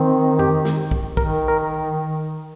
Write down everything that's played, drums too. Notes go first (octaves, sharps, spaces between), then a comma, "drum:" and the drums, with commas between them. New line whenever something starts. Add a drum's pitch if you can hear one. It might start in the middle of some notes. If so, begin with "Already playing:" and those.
Already playing: D#3 C4
G4, drum: tom F2
drum: snare
drum: kick
D#3 A#4, drum: kick
A#4